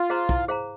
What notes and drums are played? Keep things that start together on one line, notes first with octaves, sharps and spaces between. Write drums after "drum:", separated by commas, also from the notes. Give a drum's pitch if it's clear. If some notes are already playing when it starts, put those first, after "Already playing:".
Already playing: F4
G#4 C5 F5 A#5
E4, drum: kick
G#4 C5 F5 A#5